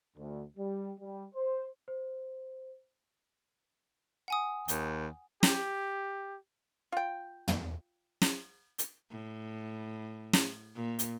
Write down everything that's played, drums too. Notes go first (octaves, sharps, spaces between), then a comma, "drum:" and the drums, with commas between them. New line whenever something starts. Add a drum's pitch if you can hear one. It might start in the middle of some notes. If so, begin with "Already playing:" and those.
D2
G3
G3
C5
C5
F#5 G#5 D#6
D#2, drum: hi-hat
G4, drum: snare
F4 G5
drum: tom
drum: snare
drum: hi-hat
A2
drum: snare
A#2
drum: hi-hat